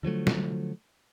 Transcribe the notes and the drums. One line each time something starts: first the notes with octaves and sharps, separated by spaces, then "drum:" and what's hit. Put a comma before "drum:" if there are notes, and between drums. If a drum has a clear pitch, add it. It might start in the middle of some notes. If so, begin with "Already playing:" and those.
D3 F3 F#3 A3
drum: snare